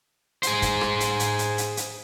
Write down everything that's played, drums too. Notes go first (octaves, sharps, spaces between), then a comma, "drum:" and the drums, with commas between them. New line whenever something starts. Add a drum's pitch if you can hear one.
G#4 C5, drum: hi-hat
drum: kick, hi-hat
drum: rim click
drum: hi-hat
drum: hi-hat
drum: hi-hat
drum: hi-hat
drum: hi-hat